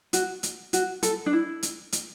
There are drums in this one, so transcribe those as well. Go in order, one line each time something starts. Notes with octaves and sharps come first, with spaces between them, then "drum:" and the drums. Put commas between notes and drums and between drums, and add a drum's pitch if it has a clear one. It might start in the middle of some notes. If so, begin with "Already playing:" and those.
F#4, drum: hi-hat
drum: hi-hat
F#4, drum: hi-hat
A4, drum: hi-hat
D4
E4
drum: hi-hat
drum: hi-hat